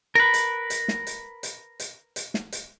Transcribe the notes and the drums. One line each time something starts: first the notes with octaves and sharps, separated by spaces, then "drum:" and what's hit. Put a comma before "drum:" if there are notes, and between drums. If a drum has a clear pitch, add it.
A#4 B4
drum: hi-hat
drum: hi-hat
drum: snare
drum: hi-hat
drum: hi-hat
drum: hi-hat
drum: hi-hat
drum: snare
drum: hi-hat